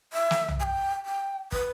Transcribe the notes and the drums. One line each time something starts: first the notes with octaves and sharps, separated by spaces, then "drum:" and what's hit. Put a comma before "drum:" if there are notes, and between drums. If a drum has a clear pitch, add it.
E5
drum: snare
drum: tom
G#5
G5
G5
B4, drum: kick